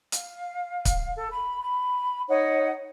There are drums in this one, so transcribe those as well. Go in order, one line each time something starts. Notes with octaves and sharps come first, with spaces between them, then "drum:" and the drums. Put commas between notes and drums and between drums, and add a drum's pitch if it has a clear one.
F5, drum: hi-hat
drum: kick C#1, hi-hat
A4
B5
B5
D#4 C#5 F#5